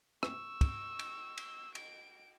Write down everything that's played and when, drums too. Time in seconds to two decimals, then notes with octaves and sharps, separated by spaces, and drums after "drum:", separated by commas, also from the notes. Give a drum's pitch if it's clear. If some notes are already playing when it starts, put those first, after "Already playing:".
0.23 C#6 E6, drum: rim click
0.61 drum: kick, cymbal
0.99 drum: cymbal
1.38 drum: cymbal
1.75 D7, drum: cymbal